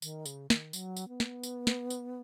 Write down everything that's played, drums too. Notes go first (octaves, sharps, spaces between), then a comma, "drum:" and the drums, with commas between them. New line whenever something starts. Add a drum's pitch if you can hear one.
D#3, drum: tambourine
C#3, drum: tambourine
D#3, drum: snare
F#3, drum: tambourine
drum: tambourine
B3
drum: snare
drum: tambourine
drum: snare
drum: tambourine